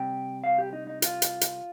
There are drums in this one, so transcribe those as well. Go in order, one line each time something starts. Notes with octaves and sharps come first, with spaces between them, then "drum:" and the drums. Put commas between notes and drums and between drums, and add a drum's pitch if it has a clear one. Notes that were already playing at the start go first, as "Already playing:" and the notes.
Already playing: C3 G3 C4 G5
F5
G4
D#4
D#4
F4, drum: hi-hat
drum: hi-hat
drum: hi-hat